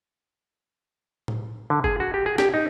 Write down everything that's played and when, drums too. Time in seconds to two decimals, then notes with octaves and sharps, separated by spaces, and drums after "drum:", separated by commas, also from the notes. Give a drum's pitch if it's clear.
1.28 drum: tom A2
1.70 D3
1.84 G#4, drum: kick
2.00 F#4
2.14 G4
2.26 G#4
2.38 G4, drum: snare
2.54 D#4